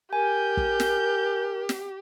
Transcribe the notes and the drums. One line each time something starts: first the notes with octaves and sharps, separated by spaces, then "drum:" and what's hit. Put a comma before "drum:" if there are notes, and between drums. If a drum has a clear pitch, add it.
G4 A#4 G#5 G6
drum: kick
drum: snare
drum: snare